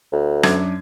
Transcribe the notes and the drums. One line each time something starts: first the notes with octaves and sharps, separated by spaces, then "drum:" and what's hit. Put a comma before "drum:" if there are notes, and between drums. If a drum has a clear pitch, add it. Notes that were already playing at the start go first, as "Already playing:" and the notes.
D2
F#2 D4 G#6, drum: rim click